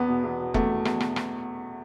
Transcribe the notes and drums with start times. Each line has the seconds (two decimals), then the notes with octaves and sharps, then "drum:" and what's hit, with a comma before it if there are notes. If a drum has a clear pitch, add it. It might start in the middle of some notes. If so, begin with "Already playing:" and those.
Already playing: E2 B3
0.08 B2
0.24 E2
0.39 B2
0.54 E2 A3, drum: kick F1
0.70 B2
0.85 E2, drum: rim click
1.00 B2, drum: rim click
1.16 drum: rim click